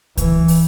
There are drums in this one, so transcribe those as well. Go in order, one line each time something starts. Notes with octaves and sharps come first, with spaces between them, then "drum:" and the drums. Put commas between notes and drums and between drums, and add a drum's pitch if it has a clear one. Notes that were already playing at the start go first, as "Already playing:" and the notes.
E3, drum: kick C#2, hi-hat
drum: open hi-hat